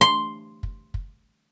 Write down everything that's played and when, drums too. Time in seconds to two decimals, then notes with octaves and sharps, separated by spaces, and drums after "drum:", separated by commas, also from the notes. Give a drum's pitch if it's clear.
0.01 C6
0.63 drum: kick
0.94 drum: kick